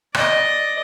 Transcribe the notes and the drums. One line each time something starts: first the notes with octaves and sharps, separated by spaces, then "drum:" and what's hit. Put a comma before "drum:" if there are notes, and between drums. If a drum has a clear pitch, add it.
D5 D#5, drum: rim click